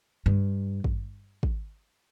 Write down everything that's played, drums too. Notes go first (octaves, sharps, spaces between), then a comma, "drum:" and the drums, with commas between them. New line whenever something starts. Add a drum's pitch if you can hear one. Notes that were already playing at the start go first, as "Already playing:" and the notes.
G2
drum: kick
drum: kick